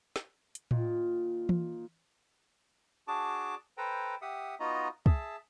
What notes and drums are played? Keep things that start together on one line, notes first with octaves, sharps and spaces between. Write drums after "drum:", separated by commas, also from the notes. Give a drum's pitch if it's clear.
drum: snare
drum: hi-hat
A#2 D#3 F4, drum: tom A2
drum: tom E3
D4 F#4 G#4 A5 D6
A4 B4 C5 G5 A#5
G4 E5 F#5 D#6
B3 D#4 F4 F#4 D#5 A#5
G#4 E5 A5, drum: kick